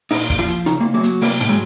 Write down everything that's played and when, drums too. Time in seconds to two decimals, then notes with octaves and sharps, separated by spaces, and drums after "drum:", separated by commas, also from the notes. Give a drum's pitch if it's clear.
0.11 A#2 D#4, drum: open hi-hat
0.30 drum: kick, hi-hat
0.39 F3 F4
0.48 drum: hi-hat
0.66 C#3 D#4, drum: hi-hat
0.80 A#3
0.94 F#3 A#3
1.03 drum: hi-hat
1.21 C3 A#3, drum: open hi-hat
1.40 drum: tom
1.49 F#3 G#3